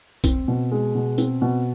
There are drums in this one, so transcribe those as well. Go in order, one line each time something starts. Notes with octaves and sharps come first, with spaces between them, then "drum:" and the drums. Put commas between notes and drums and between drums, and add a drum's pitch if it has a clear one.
C4, drum: kick, tambourine
B2
G#3
B2
C4, drum: tambourine
B2